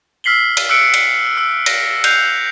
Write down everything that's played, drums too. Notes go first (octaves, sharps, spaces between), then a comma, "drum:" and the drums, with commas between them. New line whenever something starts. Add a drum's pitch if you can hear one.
E6 F6 B6 C7 F#7 G7
drum: cymbal
E6 F#6 C#7 D7
drum: cymbal
E6
A#6, drum: cymbal
F#6 G6 C7 F7, drum: cymbal